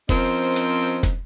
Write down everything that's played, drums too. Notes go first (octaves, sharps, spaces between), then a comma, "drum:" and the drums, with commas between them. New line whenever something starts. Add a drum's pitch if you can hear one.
F3 C4 C#4 A#4 C5 D#5, drum: kick, hi-hat
drum: hi-hat
drum: kick, hi-hat